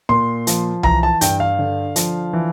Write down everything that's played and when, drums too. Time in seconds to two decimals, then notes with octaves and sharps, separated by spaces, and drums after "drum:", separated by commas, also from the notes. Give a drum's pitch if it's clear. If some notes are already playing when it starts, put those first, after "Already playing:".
0.09 A#2 C6
0.47 F3, drum: hi-hat
0.83 E3 A#5, drum: tom C2
1.03 A5
1.21 G2 G5, drum: hi-hat
1.40 F5
1.59 D3
1.96 F3, drum: hi-hat
2.33 E3